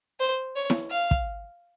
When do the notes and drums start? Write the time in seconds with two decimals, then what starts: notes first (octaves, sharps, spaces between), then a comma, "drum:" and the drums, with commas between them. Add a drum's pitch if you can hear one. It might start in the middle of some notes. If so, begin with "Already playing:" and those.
0.20 C5
0.56 C#5
0.70 drum: snare E4
0.91 F5
1.11 drum: kick